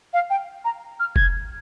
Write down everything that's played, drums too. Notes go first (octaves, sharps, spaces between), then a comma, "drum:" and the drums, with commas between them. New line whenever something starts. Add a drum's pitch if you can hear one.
F5
G5
A#5
F6
G#6, drum: kick F1